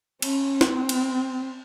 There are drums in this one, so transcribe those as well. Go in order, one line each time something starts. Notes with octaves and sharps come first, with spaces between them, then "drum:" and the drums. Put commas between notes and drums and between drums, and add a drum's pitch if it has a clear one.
C#4, drum: cymbal
C4, drum: snare
drum: cymbal